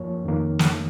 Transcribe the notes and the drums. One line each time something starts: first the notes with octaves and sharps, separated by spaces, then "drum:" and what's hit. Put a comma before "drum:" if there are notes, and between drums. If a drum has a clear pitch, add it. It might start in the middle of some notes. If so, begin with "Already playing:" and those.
Already playing: F#2 F3 A#3 C#5
F2 D#3 A#3
drum: snare